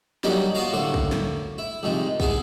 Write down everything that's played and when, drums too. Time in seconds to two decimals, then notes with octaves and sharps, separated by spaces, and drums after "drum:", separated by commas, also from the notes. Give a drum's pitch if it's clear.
0.24 F#3 G3 A#3 D4 D#4 D#5, drum: snare
0.55 B3 F4 F#4 C5 F5 A#5
0.72 A2 D3 A#3 F#4 C5
0.94 drum: kick
1.12 drum: snare
1.58 E4
1.83 C2 G#2 F3 G#3
2.20 B3 E4 G#4 G#5, drum: kick